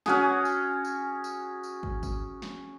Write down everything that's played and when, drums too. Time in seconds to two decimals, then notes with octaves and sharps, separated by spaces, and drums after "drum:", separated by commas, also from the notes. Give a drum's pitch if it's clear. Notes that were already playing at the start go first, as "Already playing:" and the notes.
0.06 C#4 F#4 G#4, drum: snare
0.45 drum: tambourine
0.85 drum: tambourine
1.24 drum: tambourine
1.63 drum: tambourine
1.83 drum: kick
2.03 drum: kick, tambourine
2.42 drum: snare